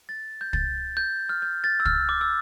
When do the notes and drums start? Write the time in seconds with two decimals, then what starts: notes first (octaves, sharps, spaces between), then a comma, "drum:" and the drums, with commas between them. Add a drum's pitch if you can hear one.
0.09 A6
0.41 G6
0.53 A6, drum: kick
0.97 G6
1.29 F6
1.42 G6
1.64 A6
1.80 E6
1.85 F6, drum: kick
2.09 D6
2.21 E6